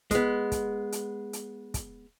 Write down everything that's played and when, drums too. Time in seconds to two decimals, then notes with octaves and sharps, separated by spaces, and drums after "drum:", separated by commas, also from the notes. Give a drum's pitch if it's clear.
0.11 G#3 B3, drum: kick, hi-hat
0.52 drum: kick, hi-hat
0.92 drum: hi-hat
1.33 drum: hi-hat
1.74 drum: kick, hi-hat